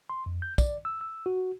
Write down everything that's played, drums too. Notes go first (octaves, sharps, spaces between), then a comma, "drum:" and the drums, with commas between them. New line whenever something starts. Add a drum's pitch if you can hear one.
C6
F2
G6
D5, drum: kick, tambourine
E6
E6
F#4